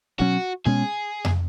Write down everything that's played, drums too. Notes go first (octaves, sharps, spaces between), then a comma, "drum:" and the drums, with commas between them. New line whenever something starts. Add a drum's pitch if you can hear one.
B2 F#3 C#4 F#4
B2 G#3 C#4 G#4
drum: tom F2